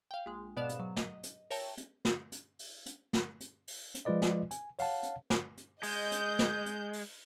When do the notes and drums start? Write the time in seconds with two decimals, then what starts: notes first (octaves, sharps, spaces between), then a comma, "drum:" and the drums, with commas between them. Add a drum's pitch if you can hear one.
0.11 F5 G5
0.26 A#1 G#3
0.57 G#2 B2 B3 D5 F5 E7
0.69 drum: hi-hat
0.80 F#3
0.96 D#5, drum: snare
1.23 drum: hi-hat
1.50 A#4 C#5 E5 G5 A5, drum: open hi-hat
1.78 drum: hi-hat
2.05 drum: snare
2.32 drum: hi-hat
2.59 drum: open hi-hat
2.86 drum: hi-hat
3.13 drum: snare
3.40 drum: hi-hat
3.68 drum: open hi-hat
3.95 drum: hi-hat
4.05 F3 G#3 F4 B4 D5 D#5
4.22 drum: snare
4.51 G#5, drum: hi-hat
4.79 C#5 F5 F#5 A5, drum: open hi-hat
5.03 drum: hi-hat
5.30 drum: snare
5.57 drum: hi-hat
5.83 G#3 D#5 G6, drum: open hi-hat
6.12 drum: hi-hat
6.39 drum: snare
6.66 drum: hi-hat
6.93 drum: open hi-hat